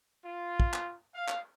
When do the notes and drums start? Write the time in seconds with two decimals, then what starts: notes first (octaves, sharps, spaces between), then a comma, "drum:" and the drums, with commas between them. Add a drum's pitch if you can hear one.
0.24 F4
0.60 drum: kick
0.73 drum: clap
1.15 F5
1.28 drum: clap